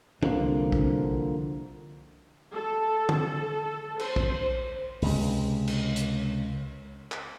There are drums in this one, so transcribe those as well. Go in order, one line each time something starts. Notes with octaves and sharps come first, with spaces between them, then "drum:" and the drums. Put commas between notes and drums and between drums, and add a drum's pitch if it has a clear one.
C2 D3 F3 A#3, drum: tom
drum: kick
A4
drum: tom
C5, drum: cymbal
drum: kick
C#2 C3, drum: open hi-hat
drum: cymbal
drum: hi-hat
drum: clap